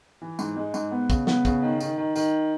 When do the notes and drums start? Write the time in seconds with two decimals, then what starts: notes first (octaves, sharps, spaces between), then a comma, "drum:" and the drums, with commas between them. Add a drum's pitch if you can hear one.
0.22 E3
0.39 G#2, drum: tambourine
0.57 G#3
0.74 G#2, drum: tambourine
0.91 B3
1.10 C#3, drum: kick, tambourine
1.27 B3, drum: snare
1.45 C#3, drum: kick, tambourine
1.63 D#3
1.80 D#3, drum: tambourine
1.98 D#3
2.16 D#3, drum: tambourine